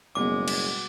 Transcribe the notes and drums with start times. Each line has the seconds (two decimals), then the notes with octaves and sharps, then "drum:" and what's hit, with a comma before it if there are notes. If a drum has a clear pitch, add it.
0.15 F#1 B2 G3 G#3 B3 D6
0.48 drum: cymbal